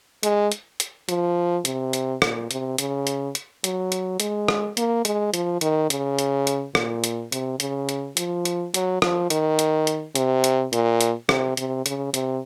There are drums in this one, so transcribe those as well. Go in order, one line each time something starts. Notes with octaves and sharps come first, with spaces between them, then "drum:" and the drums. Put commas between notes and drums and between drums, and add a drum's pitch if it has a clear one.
G#3, drum: hi-hat
drum: hi-hat
drum: hi-hat
F3, drum: hi-hat
C3, drum: hi-hat
drum: hi-hat
A#2, drum: rim click
C3, drum: hi-hat
C#3, drum: hi-hat
drum: hi-hat
drum: hi-hat
F#3, drum: hi-hat
drum: hi-hat
G#3, drum: hi-hat
drum: rim click
A#3, drum: hi-hat
G#3, drum: hi-hat
F3, drum: hi-hat
D#3, drum: hi-hat
C#3, drum: hi-hat
drum: hi-hat
drum: hi-hat
A#2, drum: rim click
drum: hi-hat
C3, drum: hi-hat
C#3, drum: hi-hat
drum: hi-hat
F3, drum: hi-hat
drum: hi-hat
F#3, drum: hi-hat
F3, drum: rim click
D#3, drum: hi-hat
drum: hi-hat
drum: hi-hat
C3, drum: hi-hat
drum: hi-hat
A#2, drum: hi-hat
drum: hi-hat
C3, drum: rim click
C3, drum: hi-hat
C#3, drum: hi-hat
C3, drum: hi-hat